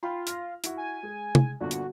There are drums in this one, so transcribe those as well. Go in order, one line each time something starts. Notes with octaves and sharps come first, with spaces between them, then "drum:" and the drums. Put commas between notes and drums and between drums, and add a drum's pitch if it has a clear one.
F4 G5 B5 C6
F6 A#6, drum: hi-hat
E4 F#4, drum: hi-hat
G#5
G#3
drum: tom C3
G1 A#2 D3 F#4
drum: hi-hat